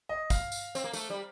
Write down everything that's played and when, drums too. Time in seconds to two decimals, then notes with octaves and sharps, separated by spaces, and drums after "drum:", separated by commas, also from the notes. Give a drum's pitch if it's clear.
0.09 D#5
0.30 F5, drum: kick, tambourine
0.52 drum: tambourine
0.75 C4, drum: tambourine
0.84 A#3
0.93 A3, drum: tambourine
1.10 G3